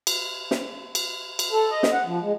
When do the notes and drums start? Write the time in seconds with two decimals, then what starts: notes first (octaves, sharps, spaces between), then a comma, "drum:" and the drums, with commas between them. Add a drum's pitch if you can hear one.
0.07 drum: cymbal
0.51 drum: snare
0.95 drum: cymbal
1.39 drum: cymbal
1.52 A4
1.70 D#5
1.83 drum: snare
1.93 F#5
2.05 F3
2.23 G#3